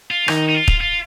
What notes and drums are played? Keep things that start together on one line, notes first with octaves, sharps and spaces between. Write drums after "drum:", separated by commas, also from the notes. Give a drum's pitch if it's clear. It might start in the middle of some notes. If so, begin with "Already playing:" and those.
F4
D#3 D#4, drum: rim click
D#4
F4
drum: kick
F4